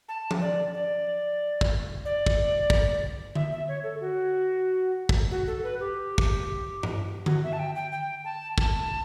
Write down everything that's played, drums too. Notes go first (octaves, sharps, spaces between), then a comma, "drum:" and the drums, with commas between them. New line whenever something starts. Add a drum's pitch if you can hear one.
A5
drum: tom F3
D5
D5
drum: kick
D5
drum: kick
drum: kick
E5, drum: tom D3
E5
C#5
A4
F#4
drum: kick
F#4
A4
B4
G4
drum: kick
drum: tom G2
F#4, drum: tom D3
E5
A5
G5
G5
G5
A5
A5, drum: kick